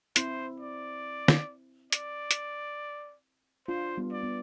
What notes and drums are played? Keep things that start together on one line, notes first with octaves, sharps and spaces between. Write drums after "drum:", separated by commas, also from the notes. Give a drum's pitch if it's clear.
C4 E4 C5, drum: hi-hat
D5
drum: snare
D5, drum: hi-hat
drum: hi-hat
D4 F4 C5
G3 B3
D5
B3